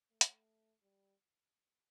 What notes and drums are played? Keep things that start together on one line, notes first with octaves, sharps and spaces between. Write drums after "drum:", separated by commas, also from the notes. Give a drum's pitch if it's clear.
A3
drum: hi-hat
G3